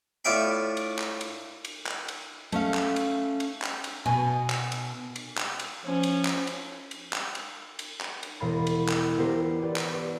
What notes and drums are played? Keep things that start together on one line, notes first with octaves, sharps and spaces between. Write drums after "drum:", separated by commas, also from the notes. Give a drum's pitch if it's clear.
A2 F4 D5 E5 G5 B5
drum: cymbal
drum: clap
drum: cymbal
drum: cymbal
drum: clap
drum: cymbal
A3 C#4 F5, drum: cymbal
drum: clap
drum: cymbal
drum: cymbal
drum: clap
drum: cymbal
B2 G#5
drum: clap
drum: cymbal
drum: cymbal
drum: clap
drum: cymbal
F3 C#4
drum: cymbal
drum: clap
drum: cymbal
drum: cymbal
drum: clap
drum: cymbal
drum: cymbal
drum: clap
drum: cymbal
E1 A#4 F5 B5 A6
drum: cymbal
drum: clap
B3 D4 F4 G4 A#4 C5
E4 G4 B4 D5
drum: clap
G4 B4 C#6 E7